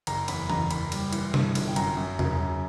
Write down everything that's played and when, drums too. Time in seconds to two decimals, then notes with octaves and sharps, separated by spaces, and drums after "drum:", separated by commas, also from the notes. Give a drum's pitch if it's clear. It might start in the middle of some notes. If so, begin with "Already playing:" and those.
0.07 F#1 A#5, drum: cymbal
0.28 E2 B5, drum: cymbal
0.50 F#1 A#5, drum: tom E3
0.71 F#1 B5, drum: cymbal
0.92 G3, drum: cymbal
1.13 E3, drum: cymbal
1.34 G2, drum: tom C3
1.55 G1, drum: cymbal
1.67 G5
1.76 F#2 A#5, drum: cymbal
1.97 F#2
2.19 C#3, drum: tom E2
2.40 F#2